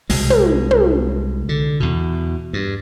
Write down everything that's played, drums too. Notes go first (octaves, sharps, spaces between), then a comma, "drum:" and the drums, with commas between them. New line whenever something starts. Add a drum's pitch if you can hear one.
C2 B2 G#3, drum: open hi-hat
drum: tom
drum: tom
D3
E2 B2
G2